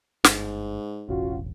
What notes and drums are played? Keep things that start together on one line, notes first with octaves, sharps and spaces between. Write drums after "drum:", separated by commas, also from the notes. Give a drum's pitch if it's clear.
G1 G#2, drum: snare
E1 A1 C#4 F4 F#4